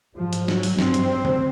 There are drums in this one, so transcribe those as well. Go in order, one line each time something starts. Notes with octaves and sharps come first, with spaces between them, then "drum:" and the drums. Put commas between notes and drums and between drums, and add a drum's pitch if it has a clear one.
G#2 F3
drum: hi-hat
F#3, drum: snare
drum: open hi-hat
G2 C4, drum: snare
drum: hi-hat
drum: tom C#3